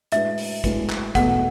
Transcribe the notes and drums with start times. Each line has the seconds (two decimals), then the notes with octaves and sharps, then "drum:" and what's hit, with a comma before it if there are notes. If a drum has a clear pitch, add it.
0.12 A2 G#3 D4 F#4 B4 E5, drum: hi-hat
0.38 drum: open hi-hat
0.64 A2 G#3 D4 F#4 B4, drum: kick, hi-hat
0.90 drum: clap
1.15 E2 B2 A3 F#5, drum: kick, hi-hat